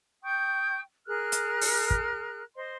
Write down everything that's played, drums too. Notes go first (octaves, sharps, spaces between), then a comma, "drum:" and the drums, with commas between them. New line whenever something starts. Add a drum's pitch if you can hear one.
G5 C#6 D#6 G6
G#4 A#4 F6 F#6
drum: hi-hat
drum: open hi-hat
drum: kick
C5 D#5 C6